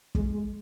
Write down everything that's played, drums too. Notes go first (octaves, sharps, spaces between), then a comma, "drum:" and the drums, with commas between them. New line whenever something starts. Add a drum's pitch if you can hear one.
G#3, drum: kick
G#3